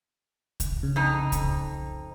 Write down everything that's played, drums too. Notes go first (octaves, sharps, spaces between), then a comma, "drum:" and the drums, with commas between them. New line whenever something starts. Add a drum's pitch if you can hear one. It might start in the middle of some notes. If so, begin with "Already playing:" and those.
drum: kick C2, hi-hat
C#3
F2 D#4
drum: kick C2, hi-hat